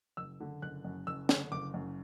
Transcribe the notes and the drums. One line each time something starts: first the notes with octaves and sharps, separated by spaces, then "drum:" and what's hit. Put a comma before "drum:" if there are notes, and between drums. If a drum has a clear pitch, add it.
F#1 E6
D3
F#1 F#6
F#2
F#1 E6
D3, drum: snare
F#1 D6
F#2